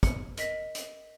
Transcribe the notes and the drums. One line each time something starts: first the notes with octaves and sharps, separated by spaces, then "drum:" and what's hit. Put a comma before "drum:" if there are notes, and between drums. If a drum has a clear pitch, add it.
C#7, drum: kick, hi-hat
A#4 D#5 B6, drum: hi-hat
drum: hi-hat